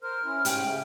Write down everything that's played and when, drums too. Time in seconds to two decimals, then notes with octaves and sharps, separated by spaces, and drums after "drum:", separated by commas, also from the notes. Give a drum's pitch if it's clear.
0.03 A#4 C5 F6
0.24 C#4 E4
0.45 G#2 C#4 G4 G5 G#5, drum: hi-hat
0.62 C#3 A3